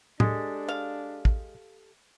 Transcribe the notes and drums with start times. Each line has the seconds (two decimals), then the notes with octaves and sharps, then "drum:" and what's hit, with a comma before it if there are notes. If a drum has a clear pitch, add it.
0.20 G#3 D4 G4 A4, drum: tom
0.68 F5
1.25 drum: kick